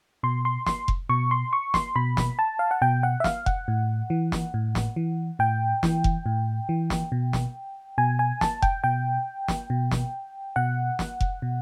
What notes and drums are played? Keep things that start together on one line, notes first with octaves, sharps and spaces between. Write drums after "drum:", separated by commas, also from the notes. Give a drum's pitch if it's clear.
B2 C6
C6
C6, drum: snare
drum: kick F1
B2 C#6
C6
C#6
C6, drum: snare
B2 B5
drum: snare
A5
F5
F#5
B2 G5
F#5
E5
F5, drum: snare
F#5, drum: kick F1
A2
E3
drum: snare
A2
drum: snare
E3
A2 G5
E3, drum: snare
drum: kick F1
A2
E3
drum: snare
B2
drum: snare
B2 G#5
G#5
A5, drum: snare
G5, drum: kick F1
B2 G5
drum: snare
B2
drum: snare
B2 F#5
drum: snare
drum: kick F1
B2